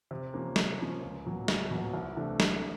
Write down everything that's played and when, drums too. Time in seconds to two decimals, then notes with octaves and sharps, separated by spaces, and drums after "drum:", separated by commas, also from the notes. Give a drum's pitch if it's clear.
0.11 C3
0.34 F3 A#3 C#4
0.56 C3, drum: snare
0.79 F3 A#3 C#4
1.02 C#2
1.25 B2 F#3 A#3
1.48 C#2, drum: snare
1.71 B2 F#3 A#3
1.94 C2
2.16 C3 E3 A3 D4
2.40 C2, drum: snare